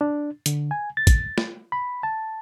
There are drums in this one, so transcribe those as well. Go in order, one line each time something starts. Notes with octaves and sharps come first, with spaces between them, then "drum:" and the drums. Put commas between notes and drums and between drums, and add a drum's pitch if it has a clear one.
D4
D3, drum: hi-hat
G#5
A6
drum: kick, hi-hat
drum: snare
B5
A5